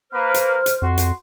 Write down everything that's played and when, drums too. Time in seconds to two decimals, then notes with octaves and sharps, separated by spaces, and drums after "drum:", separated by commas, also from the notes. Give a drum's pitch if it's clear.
0.13 A#3 B4 C5 F6
0.34 drum: hi-hat
0.66 drum: hi-hat
0.82 F2 F#4 C6
0.98 drum: hi-hat